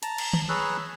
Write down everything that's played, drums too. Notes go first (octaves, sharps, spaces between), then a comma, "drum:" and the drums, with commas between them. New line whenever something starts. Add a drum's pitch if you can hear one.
A5 A#5, drum: hi-hat
drum: cymbal
drum: tom
G#4 B4 C#5 A#5 E6 F#6